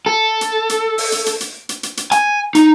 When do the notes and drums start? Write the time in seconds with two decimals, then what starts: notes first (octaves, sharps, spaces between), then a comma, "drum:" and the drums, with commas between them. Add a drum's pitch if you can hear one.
0.06 A4
0.41 drum: hi-hat
0.69 drum: hi-hat
0.98 drum: open hi-hat
1.12 drum: hi-hat
1.26 drum: hi-hat
1.40 drum: hi-hat
1.69 drum: hi-hat
1.83 drum: hi-hat
1.97 drum: hi-hat
2.12 G#5, drum: hi-hat
2.55 D#4, drum: hi-hat